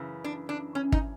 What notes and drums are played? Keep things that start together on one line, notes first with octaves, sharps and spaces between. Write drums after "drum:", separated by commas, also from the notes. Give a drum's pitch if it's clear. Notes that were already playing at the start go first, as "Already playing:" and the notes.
Already playing: F#2 C#3 E3
D4
D4
C#4
D#4, drum: kick